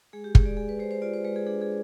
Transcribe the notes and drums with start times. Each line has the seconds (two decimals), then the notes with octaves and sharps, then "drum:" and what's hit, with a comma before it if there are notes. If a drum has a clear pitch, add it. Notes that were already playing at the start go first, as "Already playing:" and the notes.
0.13 G#3 G#4
0.24 G4
0.35 G#3 G#4, drum: kick
0.46 D5
0.57 G#3 G#4
0.69 B4
0.79 G#3 C5
0.91 C5
1.02 F4 D5
1.14 C5
1.24 G#3 B4
1.36 G#4
1.47 D4 G#4
1.62 G#4